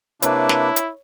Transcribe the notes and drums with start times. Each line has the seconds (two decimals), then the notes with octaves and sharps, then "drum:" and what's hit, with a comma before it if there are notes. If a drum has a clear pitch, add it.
0.22 C3 A#3 D4 E4 B4 C#5, drum: hi-hat
0.49 drum: snare
0.76 drum: hi-hat